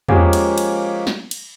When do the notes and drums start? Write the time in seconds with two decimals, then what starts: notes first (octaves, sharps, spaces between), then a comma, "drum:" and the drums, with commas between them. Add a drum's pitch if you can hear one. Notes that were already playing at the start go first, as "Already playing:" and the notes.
0.09 F3 G#3 A#3 C#4 G4 G#4, drum: tom E2
0.33 drum: cymbal
0.58 drum: cymbal
1.07 drum: snare
1.31 drum: cymbal